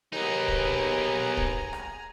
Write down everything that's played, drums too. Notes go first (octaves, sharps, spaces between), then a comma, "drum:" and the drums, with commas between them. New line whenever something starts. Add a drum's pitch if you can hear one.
D#2 B3 D#4 G#4 A#5
drum: kick
drum: kick
drum: rim click